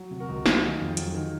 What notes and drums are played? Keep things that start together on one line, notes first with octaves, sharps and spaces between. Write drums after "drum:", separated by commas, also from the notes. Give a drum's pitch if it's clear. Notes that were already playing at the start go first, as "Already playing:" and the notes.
Already playing: F#3
C3
F#4 A#4
C#2
F#3 F4 G#4, drum: snare
D#3
F2
F#3, drum: hi-hat
D#3